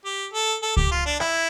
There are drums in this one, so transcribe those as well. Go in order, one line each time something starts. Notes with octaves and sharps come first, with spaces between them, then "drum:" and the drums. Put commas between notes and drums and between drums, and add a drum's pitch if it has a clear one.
G4
A4
A4
G4, drum: kick C#2
F4
D4
E4, drum: rim click